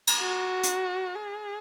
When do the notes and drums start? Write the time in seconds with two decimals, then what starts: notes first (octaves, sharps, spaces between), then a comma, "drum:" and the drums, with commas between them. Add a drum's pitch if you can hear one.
0.07 drum: cymbal
0.20 F#4
0.63 drum: hi-hat
1.16 G#4